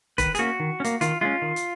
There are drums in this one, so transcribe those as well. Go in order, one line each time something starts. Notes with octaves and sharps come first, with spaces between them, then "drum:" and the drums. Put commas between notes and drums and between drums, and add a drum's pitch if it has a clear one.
D#3 B4, drum: kick, hi-hat
G#4, drum: hi-hat
A#3 C#4 F#4
D#3
C#4
A#3, drum: hi-hat
D#3 F4, drum: hi-hat
G#3 C#4 F4
D#3
drum: hi-hat